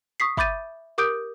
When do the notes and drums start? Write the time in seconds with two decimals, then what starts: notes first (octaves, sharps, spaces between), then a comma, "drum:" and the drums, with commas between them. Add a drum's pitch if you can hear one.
0.20 C#6 D#6 B6 C7
0.37 E5 B5 D6 G6 A6 D#7, drum: kick
0.98 G4 A#4 D6 D#6 G6 D7